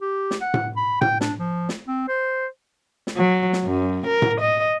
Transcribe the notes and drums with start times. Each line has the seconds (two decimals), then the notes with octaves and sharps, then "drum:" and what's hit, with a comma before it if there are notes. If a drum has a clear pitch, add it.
0.02 G4
0.31 drum: snare
0.41 F#5
0.54 drum: tom A2
0.77 B5
1.01 G5, drum: tom A2
1.21 D4, drum: snare
1.39 F3
1.69 drum: snare
1.88 C4
2.08 C5
3.07 drum: snare
3.16 F#3
3.53 drum: snare
3.65 F#2
4.06 A#4
4.22 drum: tom A2
4.40 D#5